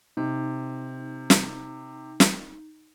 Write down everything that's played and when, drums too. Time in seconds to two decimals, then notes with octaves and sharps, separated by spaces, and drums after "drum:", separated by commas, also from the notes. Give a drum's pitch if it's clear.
0.17 C3 D#4
1.30 drum: snare
2.20 drum: snare